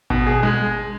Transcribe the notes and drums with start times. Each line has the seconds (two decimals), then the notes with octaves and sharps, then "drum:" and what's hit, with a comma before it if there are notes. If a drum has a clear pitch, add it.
0.10 B2, drum: kick G#1
0.27 G#4
0.43 G#3